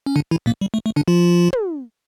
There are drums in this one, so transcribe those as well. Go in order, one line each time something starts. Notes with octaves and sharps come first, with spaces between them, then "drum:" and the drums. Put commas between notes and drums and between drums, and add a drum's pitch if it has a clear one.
C#4
D3 D4
E3 E4
A#2 A#3
G3
A3
A3
D3 D4
F3 F4
drum: tom